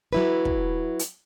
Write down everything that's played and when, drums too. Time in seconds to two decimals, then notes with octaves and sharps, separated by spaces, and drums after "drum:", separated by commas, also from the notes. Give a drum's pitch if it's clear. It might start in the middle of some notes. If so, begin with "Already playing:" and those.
0.13 F#3 E4 B4
0.45 drum: kick
0.99 drum: hi-hat